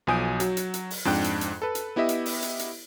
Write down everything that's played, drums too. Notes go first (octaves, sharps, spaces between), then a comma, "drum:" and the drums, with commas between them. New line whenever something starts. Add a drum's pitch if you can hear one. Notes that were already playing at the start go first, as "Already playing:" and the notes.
B1 F3 G#5 D#6 G6 D7
F#3 F#4, drum: hi-hat
drum: hi-hat
drum: hi-hat
drum: open hi-hat
F2 G#2 D4 G5 F#6
drum: hi-hat
drum: hi-hat
A4 B4
drum: hi-hat
B3 E4 G4 D#5 E5
drum: hi-hat
drum: open hi-hat
drum: hi-hat
drum: hi-hat